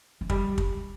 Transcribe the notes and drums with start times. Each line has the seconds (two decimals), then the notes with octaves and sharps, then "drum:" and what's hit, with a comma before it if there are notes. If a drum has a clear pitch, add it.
0.21 F3
0.30 G3, drum: kick
0.58 drum: kick